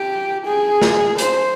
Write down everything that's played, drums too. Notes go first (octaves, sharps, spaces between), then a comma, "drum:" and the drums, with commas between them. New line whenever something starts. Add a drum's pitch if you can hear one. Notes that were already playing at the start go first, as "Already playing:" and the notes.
Already playing: G4
G#4
drum: snare
C5, drum: hi-hat